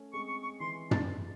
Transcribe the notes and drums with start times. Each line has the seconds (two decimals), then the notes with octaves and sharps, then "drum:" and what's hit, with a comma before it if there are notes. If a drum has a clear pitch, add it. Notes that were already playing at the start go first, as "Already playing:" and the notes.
Already playing: A3 C#4
0.13 G#3 C4 C#6
0.28 C#6
0.43 C#6
0.60 E3 G#3 C6
0.91 A5, drum: tom